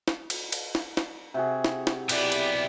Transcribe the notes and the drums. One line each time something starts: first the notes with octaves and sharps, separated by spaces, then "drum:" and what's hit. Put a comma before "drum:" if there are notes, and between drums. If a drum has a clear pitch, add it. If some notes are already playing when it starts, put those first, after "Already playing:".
drum: snare
drum: cymbal
drum: cymbal
drum: snare
drum: snare
C3 F#4 G#4
drum: snare
drum: snare
B1 B3 E4 G4 D5, drum: cymbal
drum: cymbal